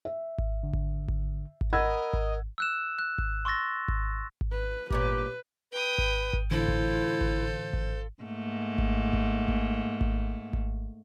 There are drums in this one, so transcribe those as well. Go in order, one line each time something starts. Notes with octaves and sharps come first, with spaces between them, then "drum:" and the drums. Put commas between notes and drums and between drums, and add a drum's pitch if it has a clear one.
E5
drum: kick G#1
D3
drum: kick G#1
drum: kick G#1
drum: kick G#1
A#4 D#5 F#5 B5 E6 G#6
drum: kick G#1
E6 F#6 E7
F#6
drum: kick G#1
C6 C#6 E6 A6 A#6
drum: kick G#1
drum: kick G#1
B4
G2 A#2 G4 B4 C#5, drum: kick G#1
B4 G5 D#6
drum: kick G#1
drum: kick G#1
A2 D3 E3 E4 F4 A4 C5
drum: kick G#1
drum: kick G#1
drum: kick G#1
G#2 A3 A#3
drum: kick G#1
drum: kick G#1
drum: kick G#1
drum: kick G#1
drum: kick G#1